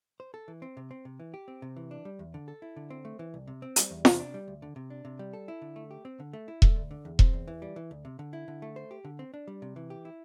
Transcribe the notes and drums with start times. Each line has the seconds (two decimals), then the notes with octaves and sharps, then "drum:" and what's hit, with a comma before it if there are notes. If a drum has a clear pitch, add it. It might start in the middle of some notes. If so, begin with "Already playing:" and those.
0.20 C5
0.34 A4
0.48 E3
0.62 C4
0.77 C3
0.91 C4
1.05 C3
1.20 E3
1.34 G4
1.48 C4
1.62 C3
1.76 E3
1.91 D4
2.05 G3
2.19 E2
2.34 D3
2.48 A4
2.62 E4
2.76 D3
2.90 C4
3.05 A3
3.19 E3
3.34 C2
3.47 C3
3.62 C4
3.76 G3, drum: hi-hat
3.91 E2
4.05 C3, drum: snare F4
4.19 D4
4.34 G3
4.48 D2
4.62 D3
4.76 C3
4.90 D4
5.05 C3
5.19 G3
5.33 A4
5.48 E4
5.62 D3
5.76 A3
5.91 G4
6.05 C4
6.20 D3
6.33 A3
6.48 E4
6.62 A3, drum: kick E1
6.76 D2
6.91 D3
7.05 E2
7.19 C4, drum: kick E1
7.33 E2
7.48 E3
7.62 G3
7.76 E3
7.91 D2
8.05 C3
8.19 D3
8.33 E4
8.48 D3
8.62 A3
8.76 C5
8.91 G4
9.05 D3
9.19 C4
9.34 D4
9.47 G3
9.62 C3
9.76 E3
9.90 G4
10.05 E4